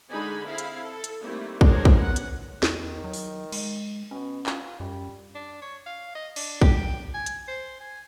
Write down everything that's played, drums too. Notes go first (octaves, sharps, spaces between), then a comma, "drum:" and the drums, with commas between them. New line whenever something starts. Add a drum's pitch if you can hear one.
D3 G#3 D#4 G#4 G#5 B5
C4 E4 G#4 F5 B5
drum: hi-hat
A4
drum: hi-hat
D#3 G3 A3 A#3 C4 E4
D4 F#4 G#4 A#4 C5 C#5, drum: kick A#1
drum: kick A#1
B3 C#4 F#5
drum: hi-hat
E2 D#3, drum: snare
F#3
drum: open hi-hat
G#3, drum: cymbal
B2 C#4
F4, drum: clap
F#2 G3
D4
C#5
F5
D#5
D4, drum: cymbal
G4, drum: kick A#1
G5
G#5
drum: hi-hat
C5
G#5